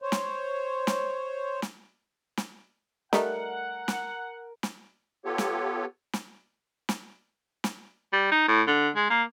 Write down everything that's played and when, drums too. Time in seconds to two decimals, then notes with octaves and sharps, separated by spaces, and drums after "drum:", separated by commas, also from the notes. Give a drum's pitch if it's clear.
0.02 C5 C#5
0.12 drum: snare
0.87 drum: snare
1.62 drum: snare
2.37 drum: snare
3.13 G3 A3 D#4 A#4 F#5, drum: snare
3.88 drum: snare
4.63 drum: snare
5.25 B3 F4 G4 A4 C#5
5.38 drum: snare
6.13 drum: snare
6.89 drum: snare
7.64 drum: snare
8.13 G3
8.32 D#4
8.48 A2
8.67 D3
8.96 G#3
9.10 A#3